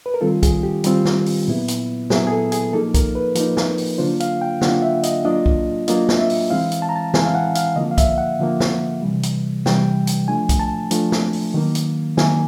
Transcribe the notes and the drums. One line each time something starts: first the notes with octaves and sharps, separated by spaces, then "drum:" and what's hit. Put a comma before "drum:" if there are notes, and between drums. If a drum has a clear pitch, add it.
B4
A#4
D#3 G3 C4 F4 A4
G#4, drum: kick, hi-hat
G4
D#3 G3 C4 F4, drum: hi-hat
drum: snare
drum: open hi-hat
A#2 F#3 B3 E4
drum: hi-hat
A#2 F#3 B3 E4 G#4, drum: snare
G#4
A4
G#4, drum: hi-hat
F3 A#3 D#4 A4
A#4, drum: kick, hi-hat
B4
F3 A#3 D#4, drum: hi-hat
drum: snare
drum: open hi-hat
D3 F#3 A#3 D4 F4 C5
F5, drum: hi-hat
G5
D3 F#3 A#3 D4 F4 F#5, drum: snare
E5
D#5, drum: hi-hat
F#3 A#3 D4 F4 D#5
drum: kick
F#3 A#3 D4 F4 D#5, drum: hi-hat
drum: snare
E5
drum: open hi-hat
E3 G#3 C4 E4 F5
drum: hi-hat
A5
A#5
A5
E3 G#3 C4 E4 G#5, drum: snare
F5
F#5
F5, drum: hi-hat
D3 F3 A#3 D#5
F5
E5, drum: kick, hi-hat
F#5
D3 F3 A#3
drum: snare
C3 E3 G3
drum: hi-hat
C3 E3 G3 G5, drum: snare
drum: hi-hat
F3 A3 D4 G#5
drum: kick, hi-hat
A5
F3 A3 D4, drum: hi-hat
drum: snare
drum: open hi-hat
D#3 F#3 A#3
drum: hi-hat
D#3 F#3 A#3 G#5, drum: snare